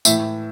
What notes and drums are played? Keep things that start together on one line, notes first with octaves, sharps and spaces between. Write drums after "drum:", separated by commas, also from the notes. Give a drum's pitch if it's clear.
A2 E3 E5, drum: tambourine